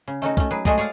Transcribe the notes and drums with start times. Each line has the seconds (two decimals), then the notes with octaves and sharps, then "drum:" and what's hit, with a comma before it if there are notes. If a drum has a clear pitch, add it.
0.08 C#3
0.22 A3 C#4 D#4 F#4
0.37 A3 C#4, drum: kick
0.51 F#3 G#4 B4
0.65 G#3 A3 F#4 G#4 D5 D#5, drum: kick
0.78 G#4 C#5 D5 F5 F#5